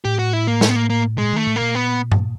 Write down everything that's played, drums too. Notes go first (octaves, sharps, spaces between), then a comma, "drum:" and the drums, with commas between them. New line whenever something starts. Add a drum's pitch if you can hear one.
A2 G4
F#4
E4
A#3
A3, drum: snare
B3
A#3
A#3
A#2 G#3
D#3 A3
A2
A#2 A#3
B3
drum: tom G2